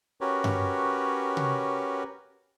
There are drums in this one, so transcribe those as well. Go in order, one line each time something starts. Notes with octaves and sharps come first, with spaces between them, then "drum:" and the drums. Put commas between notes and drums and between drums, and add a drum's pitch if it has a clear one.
C#4 F#4 G4 A#4 B4 C#5
drum: tom G2
drum: tom C3